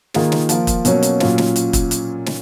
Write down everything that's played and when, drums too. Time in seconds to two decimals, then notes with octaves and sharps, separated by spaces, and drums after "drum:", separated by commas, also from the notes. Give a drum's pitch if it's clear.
0.14 D#3 A#3 F4 G#4, drum: snare
0.32 drum: snare
0.49 F3 A#3 F4, drum: hi-hat
0.67 drum: kick, hi-hat
0.85 B2 F#3 A#3 C#4, drum: hi-hat
1.03 drum: hi-hat
1.20 A#2 F#3 C#4 F4, drum: snare
1.38 drum: snare
1.56 drum: hi-hat
1.73 drum: kick, hi-hat
1.91 drum: hi-hat
2.26 drum: snare